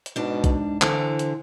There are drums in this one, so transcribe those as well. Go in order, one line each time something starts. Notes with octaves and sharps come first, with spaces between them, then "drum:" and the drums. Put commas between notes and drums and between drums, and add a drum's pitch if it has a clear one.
drum: hi-hat
G#2 B2 D4
drum: kick, hi-hat
D3 E3 C5, drum: clap
drum: hi-hat